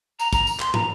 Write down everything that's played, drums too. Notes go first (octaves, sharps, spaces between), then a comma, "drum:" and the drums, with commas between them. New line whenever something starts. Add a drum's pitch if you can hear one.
A#5, drum: tambourine
A#5, drum: kick, tambourine
drum: tambourine
C6, drum: clap
A#5, drum: tom